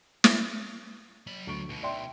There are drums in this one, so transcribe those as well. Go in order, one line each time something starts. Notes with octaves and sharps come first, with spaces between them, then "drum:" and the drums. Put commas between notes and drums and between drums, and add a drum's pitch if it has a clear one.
drum: snare
F#3 B5
D2 C#6 D7
B1 B2
D5 E5 G5 C6